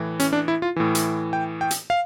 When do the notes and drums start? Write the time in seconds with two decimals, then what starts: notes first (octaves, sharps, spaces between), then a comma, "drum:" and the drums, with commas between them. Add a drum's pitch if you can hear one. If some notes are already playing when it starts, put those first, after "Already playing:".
Already playing: A2 E3
0.20 C#4, drum: hi-hat
0.33 D4
0.48 E4
0.62 F4
0.76 A2 E3
0.95 drum: hi-hat
1.33 G5
1.61 G5
1.71 drum: hi-hat
1.90 F5